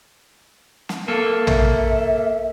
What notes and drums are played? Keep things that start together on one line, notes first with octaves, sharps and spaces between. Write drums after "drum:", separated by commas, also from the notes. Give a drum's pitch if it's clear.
drum: snare
A#3 A4 A#4
E5, drum: tom